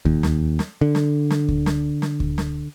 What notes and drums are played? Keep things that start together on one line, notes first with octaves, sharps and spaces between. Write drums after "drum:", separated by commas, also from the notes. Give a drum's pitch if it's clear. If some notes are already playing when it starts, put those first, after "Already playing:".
D#2, drum: kick D2
drum: snare
drum: snare
D3
drum: snare
drum: snare
drum: kick D2
drum: snare
drum: snare
drum: kick D2
drum: snare